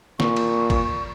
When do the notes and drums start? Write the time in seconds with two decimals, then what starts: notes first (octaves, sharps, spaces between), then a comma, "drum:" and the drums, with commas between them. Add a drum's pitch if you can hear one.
0.20 A#2 C#6, drum: snare
0.36 drum: cymbal
0.70 drum: kick, cymbal